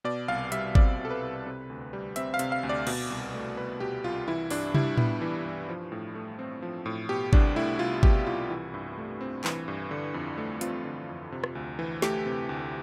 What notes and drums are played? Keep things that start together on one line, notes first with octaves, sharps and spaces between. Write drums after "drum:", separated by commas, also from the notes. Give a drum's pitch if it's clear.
B2 D5
C2 F5
G3 E5, drum: hi-hat
C4 D5, drum: kick G#1
B2
A4
B4
C2
C3
D2
G3
C4 E5, drum: hi-hat
F5
C3, drum: hi-hat
F5
D2
D5
B2, drum: cymbal
C2
A3
C2 B4
B2 G4
C2 F4
E3 E4
G2 D4, drum: open hi-hat
G3 E4, drum: tom C3
B3 E4, drum: tom A2
E3
G2
F3
A2
A3
C4
F3
A2
B2 G4
C2 D4, drum: kick G#1
A3 E4
C2 F4
B2 G4, drum: kick G#1
C2 F4
E3 E4
G2
A3
C4
E3, drum: clap
G2
D3
F2
A3
C4 F4, drum: hi-hat
D3
F2
C3
drum: rim click
D2
E3
A3 G4, drum: snare
C3
D2